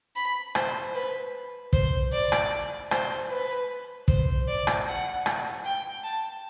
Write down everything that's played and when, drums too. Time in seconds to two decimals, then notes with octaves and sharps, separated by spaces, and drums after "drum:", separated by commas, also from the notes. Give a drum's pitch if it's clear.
0.16 B5
0.55 C5, drum: rim click
0.95 B4
1.73 C5, drum: kick
2.12 D5
2.32 drum: rim click
2.91 C5, drum: rim click
3.30 B4
4.08 C5, drum: kick
4.48 D5
4.67 drum: rim click
4.87 F#5
5.26 drum: rim click
5.65 G5
6.04 A5